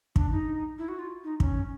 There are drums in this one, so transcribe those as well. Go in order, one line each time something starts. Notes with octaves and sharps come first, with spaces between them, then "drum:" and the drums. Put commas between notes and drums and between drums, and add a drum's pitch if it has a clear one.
D4, drum: kick
D#4
E4
F#4
F4
D#4
C#4, drum: kick